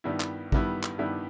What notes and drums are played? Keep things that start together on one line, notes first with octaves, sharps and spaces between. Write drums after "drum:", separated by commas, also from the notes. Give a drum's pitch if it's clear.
G2 D#3 G3 B3 E4
drum: clap
G2 D#3 G3 B3 E4, drum: kick A1
drum: clap
G2 D#3 G3 B3 E4